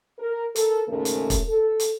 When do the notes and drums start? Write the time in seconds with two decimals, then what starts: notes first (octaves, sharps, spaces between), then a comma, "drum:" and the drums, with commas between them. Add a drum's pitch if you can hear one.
0.19 A#4
0.56 A4 A#4, drum: hi-hat
0.88 D#2 G#2 C#3 A3 A#4
1.05 drum: hi-hat
1.30 drum: kick, hi-hat
1.48 A4
1.80 drum: hi-hat